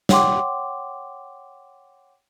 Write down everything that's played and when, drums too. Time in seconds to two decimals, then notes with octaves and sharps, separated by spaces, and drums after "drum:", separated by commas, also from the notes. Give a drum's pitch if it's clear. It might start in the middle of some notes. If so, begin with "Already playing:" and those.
0.09 C#5 F#5 G5 C6 D6, drum: snare